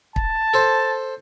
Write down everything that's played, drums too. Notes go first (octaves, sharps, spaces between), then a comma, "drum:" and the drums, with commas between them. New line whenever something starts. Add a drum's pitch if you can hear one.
A5, drum: kick
A4 C5